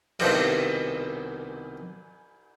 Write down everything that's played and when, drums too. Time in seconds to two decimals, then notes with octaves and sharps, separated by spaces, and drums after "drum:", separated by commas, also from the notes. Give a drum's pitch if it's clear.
0.19 C2 B2 D#3 G4 C5 A5, drum: cymbal